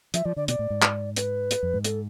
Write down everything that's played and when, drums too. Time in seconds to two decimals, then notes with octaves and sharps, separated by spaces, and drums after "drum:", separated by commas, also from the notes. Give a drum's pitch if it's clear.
0.14 F3 E5, drum: hi-hat
0.25 F3 D5
0.36 D3 D5
0.48 B2 D5, drum: hi-hat
0.59 A2
0.70 G#2
0.82 drum: clap
1.16 B4, drum: hi-hat
1.51 drum: hi-hat
1.63 F2
1.74 G#2
1.84 A4, drum: hi-hat